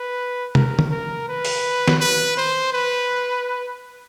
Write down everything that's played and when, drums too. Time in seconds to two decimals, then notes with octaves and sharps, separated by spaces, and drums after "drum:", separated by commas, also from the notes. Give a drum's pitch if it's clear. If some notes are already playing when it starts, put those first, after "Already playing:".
Already playing: B4
0.55 A#4, drum: tom C3
0.79 drum: tom D3
0.91 A#4
1.28 B4
1.45 drum: open hi-hat
1.88 drum: snare D#3
2.00 B4
2.37 C5
2.73 B4